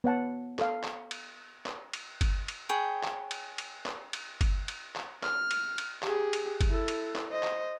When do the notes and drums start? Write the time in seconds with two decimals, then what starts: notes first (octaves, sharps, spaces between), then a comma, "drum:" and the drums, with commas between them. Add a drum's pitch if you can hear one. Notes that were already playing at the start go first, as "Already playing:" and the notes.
0.04 B3 C#5 F#5 A5
0.59 A4 F5, drum: clap
0.84 drum: clap
1.11 drum: cymbal
1.66 drum: clap
1.93 drum: cymbal
2.21 drum: kick G1, cymbal
2.48 drum: cymbal
2.69 G#4 C#5 G5 B5
3.03 drum: clap
3.31 drum: cymbal
3.58 drum: cymbal
3.86 drum: clap
4.13 drum: cymbal
4.41 drum: kick G1, cymbal
4.68 drum: cymbal
4.96 drum: clap
5.23 F6, drum: clap
5.51 drum: cymbal
5.78 drum: cymbal
6.03 G4 G#4, drum: clap
6.33 drum: cymbal
6.61 drum: kick G1, cymbal
6.70 E4 A4
6.88 drum: cymbal
7.16 drum: clap
7.32 C5 D#5
7.43 drum: clap